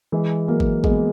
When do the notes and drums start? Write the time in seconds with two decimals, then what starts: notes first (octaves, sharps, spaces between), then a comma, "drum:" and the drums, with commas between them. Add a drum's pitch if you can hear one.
0.12 E3 G#3
0.48 F#3 A#3
0.60 drum: kick G#1
0.84 G#3 B3, drum: kick G#1